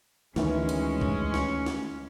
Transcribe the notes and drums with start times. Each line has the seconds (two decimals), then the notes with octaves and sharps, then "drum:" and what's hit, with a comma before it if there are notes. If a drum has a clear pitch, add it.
0.36 D2 D#3 E3 G#3 C#4, drum: snare
0.69 drum: hi-hat
1.01 drum: kick
1.34 drum: snare
1.66 drum: snare